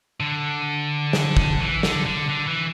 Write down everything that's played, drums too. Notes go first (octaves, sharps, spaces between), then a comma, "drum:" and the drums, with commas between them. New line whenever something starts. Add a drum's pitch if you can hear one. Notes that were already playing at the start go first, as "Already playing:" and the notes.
D3
drum: snare
drum: kick
E3
D3, drum: snare
D3
D3
E3